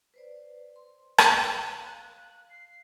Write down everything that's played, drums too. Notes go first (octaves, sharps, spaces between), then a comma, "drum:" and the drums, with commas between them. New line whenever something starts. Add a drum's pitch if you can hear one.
B4 C5 D5
C6
drum: rim click
F5 F#6
F#6
C7